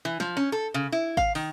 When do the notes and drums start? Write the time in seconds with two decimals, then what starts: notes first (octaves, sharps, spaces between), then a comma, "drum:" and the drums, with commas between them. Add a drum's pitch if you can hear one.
0.05 E3
0.20 F3, drum: snare
0.37 C#4
0.52 A4
0.74 C#3
0.92 E4
1.17 F5, drum: kick G#1
1.35 D#3, drum: open hi-hat